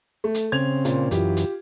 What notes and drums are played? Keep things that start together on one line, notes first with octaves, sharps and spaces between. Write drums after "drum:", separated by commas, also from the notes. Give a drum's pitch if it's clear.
A3
drum: hi-hat
C#3 C4 G#6 F7
A#2, drum: hi-hat
F#2 E3 F4 G4, drum: hi-hat
drum: hi-hat